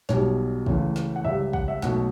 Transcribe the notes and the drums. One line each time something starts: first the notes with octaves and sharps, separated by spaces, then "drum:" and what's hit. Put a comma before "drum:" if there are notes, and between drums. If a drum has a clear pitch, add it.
B1 B2 G3 C#5, drum: snare
C#2 C#3 E3 A3, drum: kick
drum: snare
F#5
C#2 C#3 G3 E5
F#5, drum: kick
E5
B1 B2 F#3 A3 F#5, drum: snare